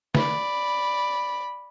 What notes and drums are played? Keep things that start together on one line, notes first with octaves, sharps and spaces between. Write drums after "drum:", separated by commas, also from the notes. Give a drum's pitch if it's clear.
D5 B5, drum: snare